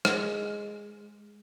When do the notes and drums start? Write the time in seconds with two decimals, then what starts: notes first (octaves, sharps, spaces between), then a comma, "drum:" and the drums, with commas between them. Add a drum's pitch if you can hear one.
0.05 G#3, drum: rim click